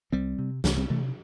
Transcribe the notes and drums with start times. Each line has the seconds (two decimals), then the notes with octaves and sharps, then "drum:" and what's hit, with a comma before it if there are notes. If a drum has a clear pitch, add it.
0.13 C2 G3 C4
0.39 C3
0.64 C2 E3 A3, drum: snare
0.77 G3 C4
0.90 C3 E3 A3